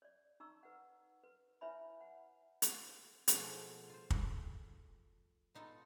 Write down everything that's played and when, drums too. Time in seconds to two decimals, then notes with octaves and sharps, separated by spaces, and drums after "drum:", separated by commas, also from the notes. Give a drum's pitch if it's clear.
0.02 C#5 D5
0.40 D#4 A#5 C#6 E6
0.63 B4 F#5
1.24 B4
1.61 E4 B4 C#5 E5 G#5 B5
2.01 F#5
2.62 drum: hi-hat
3.28 B2 F3 A3 F#4 G#4 C#5, drum: hi-hat
3.90 F4 C5
4.10 drum: kick
5.55 B3 D#4 F4 A4